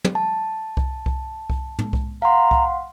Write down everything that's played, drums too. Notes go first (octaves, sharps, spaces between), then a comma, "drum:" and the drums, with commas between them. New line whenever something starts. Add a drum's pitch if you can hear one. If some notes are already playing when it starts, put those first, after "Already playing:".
drum: tom
A5
drum: kick C2
drum: kick C2
drum: kick C2
drum: tom A2
drum: kick C2
F5 F#5 A#5 C6
drum: kick C2